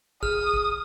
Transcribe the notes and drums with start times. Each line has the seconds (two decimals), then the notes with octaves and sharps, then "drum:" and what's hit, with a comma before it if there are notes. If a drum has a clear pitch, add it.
0.23 G#4 D#6 F6, drum: kick
0.54 drum: kick